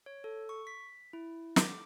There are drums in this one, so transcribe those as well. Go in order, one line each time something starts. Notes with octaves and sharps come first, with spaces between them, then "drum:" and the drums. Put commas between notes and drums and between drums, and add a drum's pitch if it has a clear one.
C#5
A4
C#6
B6
E4
D6, drum: snare